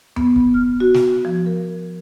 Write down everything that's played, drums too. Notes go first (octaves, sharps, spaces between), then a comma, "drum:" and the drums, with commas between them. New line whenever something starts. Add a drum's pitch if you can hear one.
B3, drum: tom F2
drum: kick
F6
F#4
drum: snare
F3
A#4